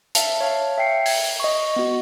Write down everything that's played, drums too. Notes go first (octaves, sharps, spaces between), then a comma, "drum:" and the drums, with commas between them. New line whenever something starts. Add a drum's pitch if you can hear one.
E5 F5 A5, drum: hi-hat
C#5 F5 A5
E5 G5 C7 C#7
G#6, drum: open hi-hat
D#5 C#6
B3 F#4